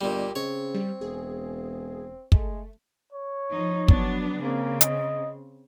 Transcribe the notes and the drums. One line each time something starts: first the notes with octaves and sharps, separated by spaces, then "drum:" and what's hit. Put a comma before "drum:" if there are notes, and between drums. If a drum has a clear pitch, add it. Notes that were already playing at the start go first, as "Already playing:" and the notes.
G1 A#2 G3 G4 D#5
C#3 C4 C#5
G3
E1 G#4
G#3 A3, drum: kick
C#5
F3 D#4
F#3 B3 D4, drum: kick
C#3 A#3 C4
D#5, drum: hi-hat